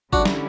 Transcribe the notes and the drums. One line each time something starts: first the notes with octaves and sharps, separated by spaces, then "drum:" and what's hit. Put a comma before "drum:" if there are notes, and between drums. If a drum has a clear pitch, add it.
D3 G3 C#4 D4 E4 F#4, drum: kick
drum: snare